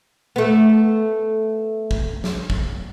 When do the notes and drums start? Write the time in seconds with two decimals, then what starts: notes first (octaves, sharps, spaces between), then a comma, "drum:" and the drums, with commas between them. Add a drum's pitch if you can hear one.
0.36 A3 B3
1.91 drum: kick
2.24 drum: snare
2.50 drum: kick